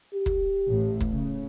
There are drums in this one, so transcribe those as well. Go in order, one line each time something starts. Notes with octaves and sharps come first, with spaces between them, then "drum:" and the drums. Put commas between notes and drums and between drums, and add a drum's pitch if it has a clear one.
G4
drum: kick
A1 A2
drum: kick
C#3